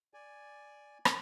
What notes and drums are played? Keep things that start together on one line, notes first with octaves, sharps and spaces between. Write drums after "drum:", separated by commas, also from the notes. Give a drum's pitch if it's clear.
D5 G#5
drum: rim click